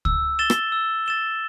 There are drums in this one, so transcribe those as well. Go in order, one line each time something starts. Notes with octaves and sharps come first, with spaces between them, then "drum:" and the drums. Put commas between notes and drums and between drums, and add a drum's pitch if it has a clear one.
E6, drum: kick C#2
A6 E7 G7
drum: rim click
E6
A6 E7 G7